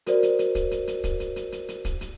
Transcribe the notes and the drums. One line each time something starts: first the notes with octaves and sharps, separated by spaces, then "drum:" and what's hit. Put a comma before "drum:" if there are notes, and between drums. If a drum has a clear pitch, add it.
F#4 A#4 C5 D5, drum: hi-hat
drum: hi-hat
drum: hi-hat
drum: kick, hi-hat
drum: hi-hat
drum: hi-hat
drum: kick, hi-hat
drum: hi-hat
drum: hi-hat
drum: hi-hat
drum: hi-hat
drum: kick, hi-hat
drum: hi-hat